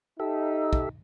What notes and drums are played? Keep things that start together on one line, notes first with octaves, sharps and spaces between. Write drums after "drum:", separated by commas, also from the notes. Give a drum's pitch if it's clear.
D#4 G4 A4 E5
drum: kick